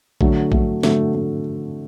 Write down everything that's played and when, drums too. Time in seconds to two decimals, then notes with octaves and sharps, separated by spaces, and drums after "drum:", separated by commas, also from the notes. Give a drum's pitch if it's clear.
0.21 D3 F#3 A3, drum: kick
0.52 D3 F#3 A3, drum: kick
0.83 D3 F#3 A3, drum: snare
1.15 A3